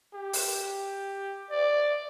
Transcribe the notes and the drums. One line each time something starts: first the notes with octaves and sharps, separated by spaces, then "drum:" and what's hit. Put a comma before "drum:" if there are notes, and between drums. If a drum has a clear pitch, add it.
G4
drum: open hi-hat
D5